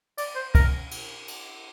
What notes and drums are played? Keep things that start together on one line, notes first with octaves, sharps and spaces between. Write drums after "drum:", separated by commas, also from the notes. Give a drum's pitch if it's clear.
D5, drum: cymbal
C5
A#4, drum: kick, cymbal
drum: cymbal
drum: cymbal